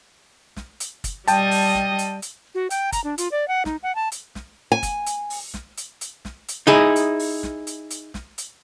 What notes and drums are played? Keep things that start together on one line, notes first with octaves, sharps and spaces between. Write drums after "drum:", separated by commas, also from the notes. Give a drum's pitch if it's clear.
drum: snare
drum: hi-hat
drum: kick, hi-hat
G3 D#5 G5 A5, drum: hi-hat
drum: open hi-hat
drum: snare
drum: hi-hat
drum: hi-hat
F#4
G5, drum: hi-hat
A#5, drum: kick, hi-hat
D4
F4, drum: hi-hat
D5
F#5
D#4, drum: snare
F#5
A5
drum: hi-hat
drum: snare
G#5
drum: kick, hi-hat
drum: hi-hat
drum: open hi-hat
drum: snare
drum: hi-hat
drum: hi-hat
drum: snare
drum: hi-hat
D#4 E4 G#4
drum: hi-hat
drum: open hi-hat
drum: snare
drum: hi-hat
drum: hi-hat
drum: snare
drum: hi-hat